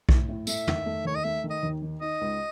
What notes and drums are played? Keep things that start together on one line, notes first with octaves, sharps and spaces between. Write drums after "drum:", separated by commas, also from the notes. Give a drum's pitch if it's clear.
A2, drum: kick B1
A2
A3 E5, drum: tambourine
D#3, drum: tom
A3
D#2 C#5
D#5
A3 E5
D#3
D#5
D#2
D#3
D#4 D#5
C#2